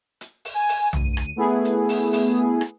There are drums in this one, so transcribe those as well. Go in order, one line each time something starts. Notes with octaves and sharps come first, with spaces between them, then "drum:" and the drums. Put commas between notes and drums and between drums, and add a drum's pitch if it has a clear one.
drum: hi-hat
drum: open hi-hat
G#5
drum: open hi-hat
D2 D#7, drum: tom B1
drum: rim click
A3 B3 E4 G#4
drum: hi-hat
drum: open hi-hat
drum: open hi-hat
drum: rim click